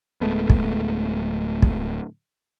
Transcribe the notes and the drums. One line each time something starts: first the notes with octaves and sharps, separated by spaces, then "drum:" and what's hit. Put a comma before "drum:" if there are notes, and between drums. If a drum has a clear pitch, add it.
D1 G#3 A3 B3
drum: kick
drum: kick